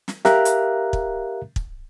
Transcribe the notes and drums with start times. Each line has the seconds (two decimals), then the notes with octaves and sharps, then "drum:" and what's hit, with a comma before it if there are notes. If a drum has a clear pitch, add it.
0.08 drum: snare
0.25 G4 A#4 E5 F5 A#5 F#6, drum: snare
0.45 drum: hi-hat
0.93 drum: kick
1.56 drum: kick